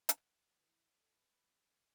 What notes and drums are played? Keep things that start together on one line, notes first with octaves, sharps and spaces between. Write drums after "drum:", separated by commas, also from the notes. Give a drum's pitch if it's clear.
F#5, drum: hi-hat
E3
A3
B4
G#5